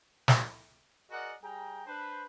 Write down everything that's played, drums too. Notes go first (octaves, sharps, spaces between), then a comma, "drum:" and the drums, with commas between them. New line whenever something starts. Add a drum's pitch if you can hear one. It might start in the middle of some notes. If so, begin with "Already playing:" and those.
drum: snare
F#4 G#4 A#4 D5 D#5 F#5
G3 G#4 G5 A#5
D4 B4 C5